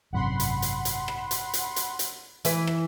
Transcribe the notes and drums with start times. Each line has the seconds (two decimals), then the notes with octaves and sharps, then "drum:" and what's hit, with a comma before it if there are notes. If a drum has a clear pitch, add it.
0.13 G#1 F#2 C3 F#5 B5 C6
0.40 drum: hi-hat
0.62 drum: hi-hat
0.85 drum: hi-hat
1.08 drum: rim click
1.31 drum: hi-hat
1.53 drum: hi-hat
1.76 drum: hi-hat
1.99 drum: hi-hat
2.45 E3 B4, drum: hi-hat
2.67 drum: rim click